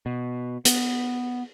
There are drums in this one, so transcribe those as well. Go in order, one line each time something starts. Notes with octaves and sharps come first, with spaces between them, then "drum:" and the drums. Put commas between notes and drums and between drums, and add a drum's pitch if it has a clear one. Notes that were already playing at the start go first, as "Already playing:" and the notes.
B2
B3, drum: hi-hat